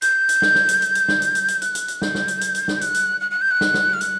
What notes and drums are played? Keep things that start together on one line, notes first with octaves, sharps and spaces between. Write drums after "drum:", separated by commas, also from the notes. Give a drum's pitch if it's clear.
G6, drum: hi-hat
drum: hi-hat
drum: snare
drum: snare
drum: hi-hat
drum: hi-hat
drum: hi-hat
drum: snare
drum: hi-hat
drum: hi-hat
drum: hi-hat
F#6, drum: hi-hat
drum: hi-hat
drum: hi-hat
G6, drum: snare
drum: snare
drum: hi-hat
drum: hi-hat
drum: hi-hat
drum: snare
F#6, drum: hi-hat
drum: hi-hat
F#6
F#6
G6
F#6
drum: snare
drum: snare
F6
F#6, drum: hi-hat